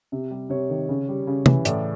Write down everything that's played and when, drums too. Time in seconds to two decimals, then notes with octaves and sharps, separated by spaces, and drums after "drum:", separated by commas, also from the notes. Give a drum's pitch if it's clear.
0.12 C3
0.31 G3
0.50 C3 C#5
0.70 D#3
0.89 C#3
1.08 G3
1.27 C#3
1.46 E3, drum: tom
1.65 A2 D5, drum: hi-hat